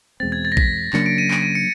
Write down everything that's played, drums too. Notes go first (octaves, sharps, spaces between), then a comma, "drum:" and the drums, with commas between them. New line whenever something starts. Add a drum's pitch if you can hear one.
E2 B2 G#3 C4 A6
G#6
A6
A#6
B6, drum: kick A#1
C#3 F#3 A#3 D4 C#7, drum: clap
D7
D#7
D7, drum: clap
D#7
C#7